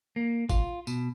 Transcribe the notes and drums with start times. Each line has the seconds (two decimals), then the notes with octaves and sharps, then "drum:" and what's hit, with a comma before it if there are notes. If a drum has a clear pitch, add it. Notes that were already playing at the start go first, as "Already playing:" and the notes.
0.16 A#3
0.49 F4, drum: kick, tambourine
0.87 B2, drum: tambourine